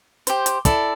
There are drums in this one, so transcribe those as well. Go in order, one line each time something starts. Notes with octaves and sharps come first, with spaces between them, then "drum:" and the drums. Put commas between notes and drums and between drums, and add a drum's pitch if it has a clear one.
G4 C5, drum: hi-hat
drum: hi-hat
E4 A4 D5, drum: kick, hi-hat